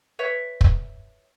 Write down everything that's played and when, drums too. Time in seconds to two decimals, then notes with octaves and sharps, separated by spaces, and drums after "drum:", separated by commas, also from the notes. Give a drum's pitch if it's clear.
0.19 B4 C#5 E5
0.61 drum: kick